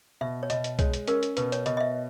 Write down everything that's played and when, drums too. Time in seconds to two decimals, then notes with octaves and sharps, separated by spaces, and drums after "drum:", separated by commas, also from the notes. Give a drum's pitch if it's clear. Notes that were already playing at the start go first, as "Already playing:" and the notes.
0.21 B2 E5
0.43 C#5
0.50 B2 D#5, drum: hi-hat
0.64 drum: hi-hat
0.79 G#3 C#5, drum: kick B1, hi-hat
0.94 drum: hi-hat
1.08 C#4 A#4, drum: hi-hat
1.23 drum: hi-hat
1.37 B2 B4, drum: hi-hat
1.52 C#5, drum: hi-hat
1.66 B2 D#5, drum: hi-hat
1.77 D#5
1.81 E5